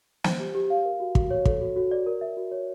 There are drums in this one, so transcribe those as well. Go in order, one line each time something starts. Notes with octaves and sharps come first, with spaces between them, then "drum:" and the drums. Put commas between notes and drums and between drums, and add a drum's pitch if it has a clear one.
C5, drum: snare
G4
G4
F5
A#4
F#4
F#4, drum: kick
C#5
A4, drum: kick
F#4
F#4
D5
A#4
E5
F#4
C#5